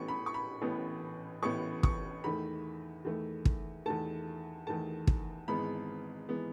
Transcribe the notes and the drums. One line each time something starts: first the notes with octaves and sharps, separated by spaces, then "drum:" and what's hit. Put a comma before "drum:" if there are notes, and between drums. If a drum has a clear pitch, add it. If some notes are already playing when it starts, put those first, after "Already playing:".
Already playing: A1 A2 E3 B3 C#6
B5
C#6
B5
A1 A2 E3 B3
A1 A2 E3 B3 C#6
C#6, drum: kick
E2 D#3 A3 B5
E2 D#3 A3
drum: kick
E2 D#3 A3 A5
E2 D#3 A3 A5
drum: kick
G#1 G#2 E3 G#3 B3 B5
E3 G#3 B3